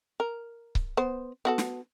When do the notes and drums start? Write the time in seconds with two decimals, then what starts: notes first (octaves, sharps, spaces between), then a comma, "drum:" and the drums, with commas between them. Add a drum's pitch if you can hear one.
0.20 A#4
0.75 drum: kick C#1
0.97 B3 C5
1.45 B3 F#4 A4
1.58 drum: snare